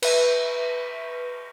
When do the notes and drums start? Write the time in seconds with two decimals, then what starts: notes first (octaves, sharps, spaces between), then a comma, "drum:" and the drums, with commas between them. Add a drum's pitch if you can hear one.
0.02 B4 E5 D#7, drum: cymbal